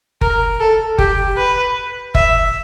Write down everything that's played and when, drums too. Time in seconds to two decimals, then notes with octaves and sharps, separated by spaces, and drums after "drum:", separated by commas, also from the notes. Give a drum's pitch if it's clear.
0.21 A#4, drum: kick F#1
0.60 A4
0.98 G4, drum: kick F#1
1.37 B4
2.15 E5, drum: kick F#1